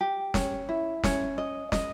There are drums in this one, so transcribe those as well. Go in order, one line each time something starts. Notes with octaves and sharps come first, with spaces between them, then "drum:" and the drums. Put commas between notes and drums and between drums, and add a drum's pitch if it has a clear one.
G4
C#4, drum: snare
E4
C#4, drum: snare
D#5
D#5, drum: snare